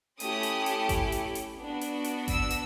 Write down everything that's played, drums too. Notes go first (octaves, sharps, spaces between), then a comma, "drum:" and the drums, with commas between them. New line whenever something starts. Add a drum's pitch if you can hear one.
A3 C#4 E4 G4 D#6, drum: hi-hat
drum: hi-hat
drum: hi-hat
drum: kick G#1, hi-hat
drum: hi-hat
drum: hi-hat
B3 D4 F#4
drum: hi-hat
drum: hi-hat
E6, drum: kick G#1, hi-hat
drum: hi-hat